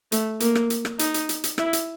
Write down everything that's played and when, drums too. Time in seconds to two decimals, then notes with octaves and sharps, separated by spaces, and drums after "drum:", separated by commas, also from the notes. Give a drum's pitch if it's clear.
0.12 A3, drum: hi-hat
0.40 A#3, drum: hi-hat
0.55 drum: rim click
0.70 drum: hi-hat
0.85 drum: rim click
0.99 D#4, drum: hi-hat
1.14 drum: hi-hat
1.29 drum: hi-hat
1.44 drum: hi-hat
1.58 E4, drum: rim click
1.73 drum: hi-hat